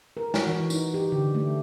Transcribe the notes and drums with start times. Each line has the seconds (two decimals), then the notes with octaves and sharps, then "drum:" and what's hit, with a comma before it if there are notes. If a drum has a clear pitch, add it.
0.17 A#4
0.34 F#4, drum: snare
0.46 E3
0.70 D#4, drum: tambourine
0.94 G4
1.12 D3
1.35 A3